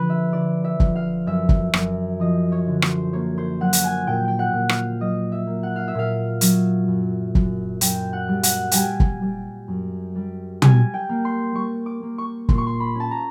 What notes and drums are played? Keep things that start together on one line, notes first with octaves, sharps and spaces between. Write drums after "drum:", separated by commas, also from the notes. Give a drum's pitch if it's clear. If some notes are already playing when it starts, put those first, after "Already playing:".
Already playing: D3 F3 B4
E5
D3 D5
E5
F3, drum: kick
F5
F#2 E5
drum: kick
F#2, drum: rim click
F3 D#5
C#5
D3
C5, drum: rim click
A#3 C#5
C5
F#3 F#5
drum: hi-hat
G#5
A#2 G5
G5
F#5
A#2
F5, drum: rim click
F#3 D#5
E5
A#3
F#5
F5
E5
A#2 F5
F#3, drum: hi-hat
F#2
F#2, drum: kick
F#2 G5, drum: hi-hat
F#5
G3
F#5, drum: hi-hat
G3 G5 G#5, drum: hi-hat
drum: kick
G3
F#2
G3
G3 G#5, drum: tom
G5
A#3
C6
G3 C#6
D6
A#3
C#6
A#2 C6, drum: kick
C#6
C6
B5
C#4 A5
A#5